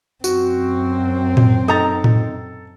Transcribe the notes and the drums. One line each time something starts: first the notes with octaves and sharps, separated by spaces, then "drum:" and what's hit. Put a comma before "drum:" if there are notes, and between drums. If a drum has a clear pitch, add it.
F#2 C4 F#4, drum: tambourine
drum: tom A2
D#4 A4 A#5 A6
drum: tom A2